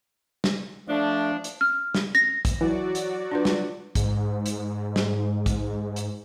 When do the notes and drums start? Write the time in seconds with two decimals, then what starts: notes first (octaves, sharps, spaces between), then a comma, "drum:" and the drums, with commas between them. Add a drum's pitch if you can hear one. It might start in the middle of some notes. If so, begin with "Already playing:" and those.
0.44 drum: snare
0.88 F3 A3 D4
1.44 drum: hi-hat
1.61 F6
1.95 drum: snare
2.15 A#6
2.45 drum: kick, hi-hat
2.61 E3 F#3 F#4 D5
2.95 drum: hi-hat
3.31 D4 F4 B4
3.45 drum: snare
3.95 G#2, drum: kick, hi-hat
4.46 drum: hi-hat
4.59 G#2
4.96 drum: snare
5.46 drum: kick, hi-hat
5.96 drum: hi-hat